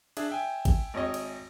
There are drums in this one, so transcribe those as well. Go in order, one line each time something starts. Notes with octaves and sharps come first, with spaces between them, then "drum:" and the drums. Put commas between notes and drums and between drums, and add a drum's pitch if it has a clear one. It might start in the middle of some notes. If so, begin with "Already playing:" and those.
D4 G#4 E5, drum: cymbal
E5 G5 G#5
drum: kick G#1, cymbal
G#1 C#5 D#5
drum: cymbal